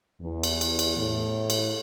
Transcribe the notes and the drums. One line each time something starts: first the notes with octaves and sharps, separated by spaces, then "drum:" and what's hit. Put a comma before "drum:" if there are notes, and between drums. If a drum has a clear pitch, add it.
E2
drum: cymbal
drum: cymbal
drum: cymbal
A2
drum: cymbal